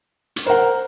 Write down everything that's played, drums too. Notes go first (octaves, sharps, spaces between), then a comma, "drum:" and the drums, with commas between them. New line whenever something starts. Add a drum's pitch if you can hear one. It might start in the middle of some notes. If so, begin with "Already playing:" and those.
drum: hi-hat
A#4 C5 F#5